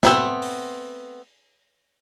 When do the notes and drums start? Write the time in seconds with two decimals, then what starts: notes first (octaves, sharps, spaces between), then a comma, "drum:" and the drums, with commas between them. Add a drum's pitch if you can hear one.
0.03 A3 B3 C4, drum: snare
0.42 drum: open hi-hat